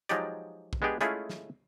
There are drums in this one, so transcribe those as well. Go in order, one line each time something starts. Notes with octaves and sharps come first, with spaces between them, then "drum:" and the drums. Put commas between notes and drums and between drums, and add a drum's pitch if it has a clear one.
F3 F#3 G#3 D#4 G4 D5, drum: hi-hat
drum: kick A#1
G#3 B3 D4 G4 G#4
G#3 A3 C#4 E4 F4 G#4, drum: hi-hat
drum: snare